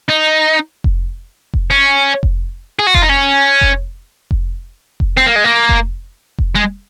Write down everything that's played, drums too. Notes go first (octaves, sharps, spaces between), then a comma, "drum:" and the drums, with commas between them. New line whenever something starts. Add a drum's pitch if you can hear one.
D#4
drum: kick F1
drum: kick F1
C#4
drum: kick F1
G#4
F#4
F4, drum: kick F1
D#4
C#4
drum: kick F1
drum: kick F1
drum: kick F1
C4
A#3
G#3
A#3
drum: kick F1
drum: kick F1
G#3